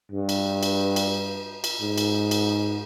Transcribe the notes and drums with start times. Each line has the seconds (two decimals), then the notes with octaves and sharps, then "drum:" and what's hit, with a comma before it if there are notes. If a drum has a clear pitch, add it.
0.12 G2
0.29 drum: cymbal
0.63 drum: cymbal
0.96 drum: cymbal
1.64 drum: cymbal
1.82 G#2
1.98 drum: cymbal
2.31 drum: cymbal